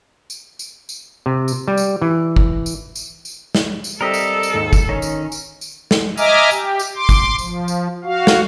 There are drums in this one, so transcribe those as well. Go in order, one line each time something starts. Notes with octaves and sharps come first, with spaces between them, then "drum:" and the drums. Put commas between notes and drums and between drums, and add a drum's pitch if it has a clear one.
drum: tambourine
drum: tambourine
drum: tambourine
C3
drum: tambourine
G3
drum: tambourine
E3
drum: kick
drum: tambourine
drum: tambourine
drum: tambourine
drum: snare
drum: tambourine
G3 C4 A4 A#4 D#5 E5
drum: tambourine
drum: tambourine
D#2 G#2
drum: kick, tambourine
D#3 C#4 C#5
drum: tambourine
drum: tambourine
drum: tambourine
drum: snare
D#5 E5 G#5 A#5 D6 F6, drum: tambourine
G4, drum: tambourine
drum: tambourine
C6 D6
drum: kick, tambourine
F3, drum: tambourine
drum: tambourine
F#4 F5
drum: snare